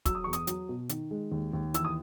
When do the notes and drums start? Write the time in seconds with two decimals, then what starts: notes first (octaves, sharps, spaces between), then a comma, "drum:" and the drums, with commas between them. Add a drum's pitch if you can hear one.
0.05 F#3 E6, drum: kick, hi-hat
0.15 D#6
0.24 E2 C#6
0.33 D#6, drum: hi-hat
0.47 F#3, drum: hi-hat
0.69 B2
0.89 D#3, drum: hi-hat
1.11 G#3
1.32 D#2
1.53 D#2
1.74 E3 E6, drum: hi-hat
1.85 D#6